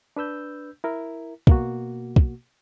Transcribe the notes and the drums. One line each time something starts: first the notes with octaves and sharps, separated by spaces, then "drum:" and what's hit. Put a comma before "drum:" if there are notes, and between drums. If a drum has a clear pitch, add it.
D4 B4 E6 G6
E4 A#4
B2 A#3 F#4, drum: kick
drum: kick